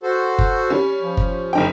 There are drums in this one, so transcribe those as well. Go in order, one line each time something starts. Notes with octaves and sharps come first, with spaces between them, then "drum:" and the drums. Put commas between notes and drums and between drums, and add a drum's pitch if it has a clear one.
F#4 A4 C5
drum: kick
G3 C#4
F3
drum: kick
F#1 D#4 G5